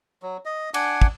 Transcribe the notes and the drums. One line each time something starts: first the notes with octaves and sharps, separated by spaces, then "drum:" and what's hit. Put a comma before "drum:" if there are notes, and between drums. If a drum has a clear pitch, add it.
F#3
D#5
D4 F#5 G#5 D6, drum: cymbal
drum: kick